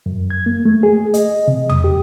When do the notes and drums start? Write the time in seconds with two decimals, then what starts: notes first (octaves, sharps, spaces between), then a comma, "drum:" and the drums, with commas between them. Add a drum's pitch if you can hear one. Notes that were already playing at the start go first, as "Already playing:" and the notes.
0.06 F#2
0.30 G#6
0.46 A#3
0.65 A3
0.83 G#4
1.14 D#5, drum: hi-hat
1.48 C3
1.70 D#6, drum: tom E2
1.84 G4